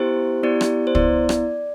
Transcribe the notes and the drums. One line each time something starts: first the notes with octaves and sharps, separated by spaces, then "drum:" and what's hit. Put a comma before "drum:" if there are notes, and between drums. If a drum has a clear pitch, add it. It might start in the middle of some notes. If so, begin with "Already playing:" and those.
Already playing: B3 E4 G4 C5
B3 E4 G4 D5
drum: rim click
C5
B3 E4 D5, drum: kick
drum: rim click